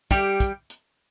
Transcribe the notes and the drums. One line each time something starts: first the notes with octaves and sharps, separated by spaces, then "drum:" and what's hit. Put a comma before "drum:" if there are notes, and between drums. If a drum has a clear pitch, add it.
G3 G4, drum: kick, hi-hat
drum: kick, hi-hat
drum: hi-hat